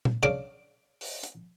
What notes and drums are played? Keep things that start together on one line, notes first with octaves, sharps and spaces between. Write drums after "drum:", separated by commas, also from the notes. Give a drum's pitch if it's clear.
drum: tom A#2
C#3 D4 F5 D6
drum: open hi-hat
drum: hi-hat